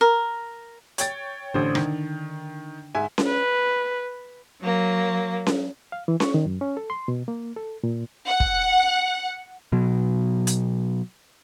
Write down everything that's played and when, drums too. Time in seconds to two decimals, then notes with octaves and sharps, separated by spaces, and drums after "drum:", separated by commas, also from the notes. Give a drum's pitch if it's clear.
0.01 A#4
0.98 C#5 G5 A6, drum: hi-hat
1.54 A1 A2 D3 D4 C5
1.75 D#3, drum: rim click
2.95 G#2 E5 G#5
3.18 drum: snare C#4
3.27 B4
4.61 F#3 A#3
5.47 drum: snare C#4
5.92 F5
6.08 E3
6.20 C#6, drum: snare C#4
6.34 D#3
6.46 F#2
6.61 C#4
6.77 A4
6.90 C6
7.08 B2
7.28 A#3
7.56 A4
7.83 A#2
8.28 F#5
8.40 drum: kick
9.72 B2 F#3
10.47 drum: hi-hat